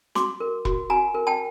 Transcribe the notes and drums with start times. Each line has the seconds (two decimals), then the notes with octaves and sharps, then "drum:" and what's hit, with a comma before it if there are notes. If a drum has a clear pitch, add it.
0.15 F#4 C6 D6, drum: snare
0.40 A#4
0.65 F#4, drum: kick E1
0.90 F#4 G#5 A#5
1.14 A#4
1.27 G5 A5